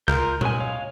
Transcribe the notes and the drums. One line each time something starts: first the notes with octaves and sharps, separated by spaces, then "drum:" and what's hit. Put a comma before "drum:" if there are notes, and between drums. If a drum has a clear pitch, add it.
C#2 F4 A#4 G6
F#3 G#3 G#5, drum: tom A#2
C#5 F5